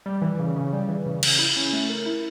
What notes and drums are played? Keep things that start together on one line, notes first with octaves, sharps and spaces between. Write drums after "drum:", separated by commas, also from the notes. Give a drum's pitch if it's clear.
G3
E3
C#3
C#3
G3
E3
C#3
C#3, drum: cymbal
E4
C#4
A3
A#4
E4